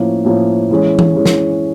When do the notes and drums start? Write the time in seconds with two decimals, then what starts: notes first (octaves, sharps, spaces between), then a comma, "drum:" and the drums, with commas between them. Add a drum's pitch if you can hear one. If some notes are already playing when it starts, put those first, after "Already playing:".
Already playing: A2 F3 A#3 C#4
0.25 A2 F3 A#3 C#4
0.70 E3 G#3 C#4
0.99 drum: tom E3
1.16 E3 G#3 C#4
1.26 drum: snare